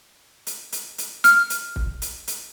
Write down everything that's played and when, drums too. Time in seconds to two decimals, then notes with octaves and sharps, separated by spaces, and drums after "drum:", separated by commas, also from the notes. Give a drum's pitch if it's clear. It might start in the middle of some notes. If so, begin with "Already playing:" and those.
0.47 drum: hi-hat
0.72 drum: hi-hat
0.98 drum: hi-hat
1.24 F6, drum: hi-hat
1.50 drum: hi-hat
1.76 drum: kick
2.02 drum: hi-hat
2.28 drum: hi-hat